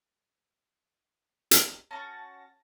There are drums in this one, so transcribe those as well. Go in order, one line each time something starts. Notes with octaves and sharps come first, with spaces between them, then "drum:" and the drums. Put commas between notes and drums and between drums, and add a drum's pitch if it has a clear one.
drum: hi-hat
C#4 D#4 F#4 A5 A6 A#6